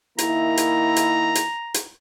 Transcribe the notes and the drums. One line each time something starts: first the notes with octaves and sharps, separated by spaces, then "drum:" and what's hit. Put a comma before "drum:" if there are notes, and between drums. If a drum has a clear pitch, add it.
D#3 A#3 E4 A#5, drum: hi-hat
drum: hi-hat
drum: hi-hat
drum: hi-hat
drum: hi-hat